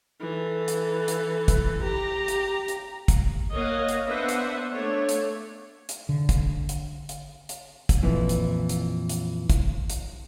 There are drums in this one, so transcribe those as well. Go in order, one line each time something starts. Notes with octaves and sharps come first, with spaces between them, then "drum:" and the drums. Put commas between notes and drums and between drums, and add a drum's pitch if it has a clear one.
E3 A4
drum: hi-hat
drum: hi-hat
drum: kick, hi-hat
G4 A#5
drum: hi-hat
drum: hi-hat
drum: kick, hi-hat
A#3 C#5 D#5 F5 F#5
drum: hi-hat
B3 D4 B4 C5 E5 F#5
drum: hi-hat
A3 D4 C#5
drum: hi-hat
drum: hi-hat
D3
drum: kick, hi-hat
drum: hi-hat
drum: hi-hat
drum: hi-hat
drum: kick, hi-hat
F2 A#2 E3
drum: hi-hat
drum: hi-hat
drum: hi-hat
drum: kick, hi-hat
drum: hi-hat